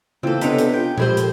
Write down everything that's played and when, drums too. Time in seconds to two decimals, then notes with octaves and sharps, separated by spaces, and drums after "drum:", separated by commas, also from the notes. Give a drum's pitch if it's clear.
0.23 C#3 E3 A#3 C4 F4 A4
0.41 C3 B3 C#4 D4 B4 D#5 B6, drum: hi-hat
0.59 drum: hi-hat
0.74 F4 G5
0.98 A2 F3 G#3 E4 G4 A#4 C5, drum: tom A#2
1.17 drum: hi-hat